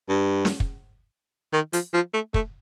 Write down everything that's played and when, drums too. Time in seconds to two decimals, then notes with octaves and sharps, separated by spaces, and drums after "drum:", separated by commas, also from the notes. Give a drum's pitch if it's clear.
0.09 G2
0.45 drum: snare
0.60 drum: kick
1.53 D#3
1.73 F3, drum: hi-hat
1.94 F3
2.14 A3
2.34 A3, drum: kick